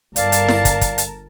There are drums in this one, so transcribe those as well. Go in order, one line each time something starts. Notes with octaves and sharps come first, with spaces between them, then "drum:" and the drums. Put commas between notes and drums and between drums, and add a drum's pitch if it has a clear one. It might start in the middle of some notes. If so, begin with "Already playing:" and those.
G1 A#4 D5 F5 A5, drum: hi-hat
drum: hi-hat
drum: snare E4
drum: kick, hi-hat
drum: kick, hi-hat
drum: hi-hat